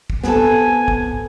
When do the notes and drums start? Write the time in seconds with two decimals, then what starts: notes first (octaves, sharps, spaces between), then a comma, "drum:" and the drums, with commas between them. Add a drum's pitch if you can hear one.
0.10 drum: kick
0.24 B3 C4 A4 G#5, drum: snare
0.88 drum: kick